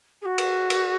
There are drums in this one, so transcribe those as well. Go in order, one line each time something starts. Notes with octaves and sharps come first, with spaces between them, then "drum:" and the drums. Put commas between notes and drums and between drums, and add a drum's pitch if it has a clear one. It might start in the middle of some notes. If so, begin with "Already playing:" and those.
G#4
F#4
drum: cymbal
drum: cymbal